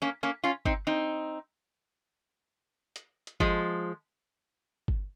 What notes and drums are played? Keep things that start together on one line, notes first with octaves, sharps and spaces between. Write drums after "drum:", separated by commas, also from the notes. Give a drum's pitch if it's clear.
A#3 C#4
A#3 C#4
C#4 F4
C4 D#4, drum: kick G1
C4 D#4
drum: hi-hat
drum: hi-hat
F3 G#3, drum: kick G1
drum: kick G1